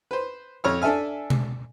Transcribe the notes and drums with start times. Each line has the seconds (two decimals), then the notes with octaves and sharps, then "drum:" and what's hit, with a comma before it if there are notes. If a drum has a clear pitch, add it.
0.11 B4 C5
0.64 F2 C#5 F6
0.82 D4 A4 E5 G#5 F6
1.30 drum: tom B2